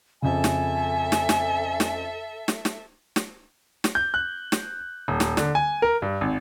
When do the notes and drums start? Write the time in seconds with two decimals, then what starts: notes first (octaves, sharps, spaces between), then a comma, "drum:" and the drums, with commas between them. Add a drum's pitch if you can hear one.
0.22 F2 C#3 A4 E5 G#5
0.44 drum: snare
1.12 drum: snare
1.29 drum: snare
1.80 drum: snare
2.48 drum: snare
2.65 drum: snare
3.16 drum: snare
3.84 drum: snare
3.95 G6
4.14 F#6
4.52 drum: snare
5.08 D#1
5.20 drum: snare
5.37 D3, drum: snare
5.55 G#5
5.82 A#4
6.02 G2
6.21 G#1